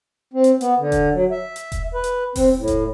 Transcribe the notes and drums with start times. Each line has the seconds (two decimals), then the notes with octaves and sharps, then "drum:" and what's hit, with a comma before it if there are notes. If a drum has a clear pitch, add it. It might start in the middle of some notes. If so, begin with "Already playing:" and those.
0.34 C4
0.44 drum: hi-hat
0.61 B3, drum: hi-hat
0.79 D3
0.92 drum: kick E1, hi-hat
1.14 F#3
1.31 E5
1.56 drum: hi-hat
1.72 drum: kick E1, hi-hat
1.94 B4
2.04 drum: hi-hat
2.36 C4, drum: kick E1, open hi-hat
2.58 A2
2.68 drum: kick E1, hi-hat